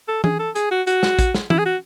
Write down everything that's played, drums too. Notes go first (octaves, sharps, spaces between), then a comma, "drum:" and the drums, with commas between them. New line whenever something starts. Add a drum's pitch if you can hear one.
A4
G#4, drum: tom E3
A4
G#4, drum: hi-hat
F#4
F#4, drum: hi-hat
drum: snare
drum: kick, hi-hat
drum: snare
E4, drum: tom
G#4
F#4